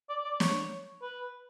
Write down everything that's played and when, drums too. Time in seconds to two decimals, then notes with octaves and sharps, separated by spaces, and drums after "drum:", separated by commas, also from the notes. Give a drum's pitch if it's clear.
0.09 D5
0.24 D5
0.40 C#5, drum: snare
1.02 B4